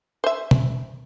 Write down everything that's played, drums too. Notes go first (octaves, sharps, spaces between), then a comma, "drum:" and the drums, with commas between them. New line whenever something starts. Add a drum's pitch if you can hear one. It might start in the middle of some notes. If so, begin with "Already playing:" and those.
C5 E5
drum: tom